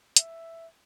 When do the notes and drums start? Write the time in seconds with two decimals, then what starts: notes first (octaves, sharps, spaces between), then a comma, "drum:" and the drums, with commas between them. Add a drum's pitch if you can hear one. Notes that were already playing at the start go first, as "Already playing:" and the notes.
0.16 E5, drum: hi-hat